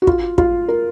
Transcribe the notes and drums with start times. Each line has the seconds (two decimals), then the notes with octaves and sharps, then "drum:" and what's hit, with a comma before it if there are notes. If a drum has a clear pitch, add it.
0.02 F#4
0.07 F4, drum: kick
0.38 F4, drum: kick
0.68 A#4